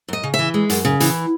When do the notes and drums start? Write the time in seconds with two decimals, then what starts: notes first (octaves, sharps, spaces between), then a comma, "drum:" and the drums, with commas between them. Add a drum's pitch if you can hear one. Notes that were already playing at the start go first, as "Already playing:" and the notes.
0.08 F#2 D#5
0.23 C#3
0.34 E5
0.39 E3
0.54 G#3
0.70 F#2, drum: hi-hat
0.85 C#3
1.00 E3, drum: hi-hat